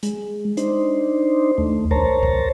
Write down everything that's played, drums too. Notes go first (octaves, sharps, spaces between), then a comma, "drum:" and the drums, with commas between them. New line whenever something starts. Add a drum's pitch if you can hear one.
G#3, drum: hi-hat
D4 D#4 C5, drum: hi-hat
D#2 A3
A#4 C5 C#5 A5 A#5, drum: kick C2
drum: kick C2